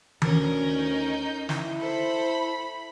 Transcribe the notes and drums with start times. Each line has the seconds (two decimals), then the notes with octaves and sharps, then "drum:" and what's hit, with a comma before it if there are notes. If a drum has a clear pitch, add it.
0.22 D2 C#4 A#4, drum: tom D#3
0.69 D#4 G6
1.49 E4, drum: snare
1.80 A4 C5 B5